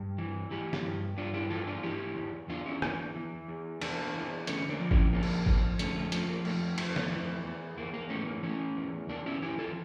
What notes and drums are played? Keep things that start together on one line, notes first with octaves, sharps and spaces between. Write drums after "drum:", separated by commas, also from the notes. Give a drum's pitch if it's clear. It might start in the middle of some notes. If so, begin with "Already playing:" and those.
Already playing: G2
E3
E3 E4 G4
drum: snare
G2
G2 D4 F4
E4 G4
E3 F4 A4
D4 F4
E3 E4 G4
E2
E2 D4 F4
C#4 E4
E3 A#3 D4, drum: rim click
E3
E2
E2 A#3 D4, drum: cymbal
E3
D3 A3 C#4, drum: hi-hat
A#3 D4
F3
C#4 E4, drum: kick G1
F2 A#3 D4
drum: cymbal
F2, drum: kick G1
D3 A3 C#4, drum: hi-hat
A3
F3 A3 C#4, drum: hi-hat
A#3
F2 A3, drum: cymbal
F2, drum: cymbal
drum: snare
E3
E2
E2 A#3
A#3
E3 A3 C#4
A#3
E3 A3 C#4
E2
E2 A#3 D4
C#4 E4
E3 E4 G4
F4 A4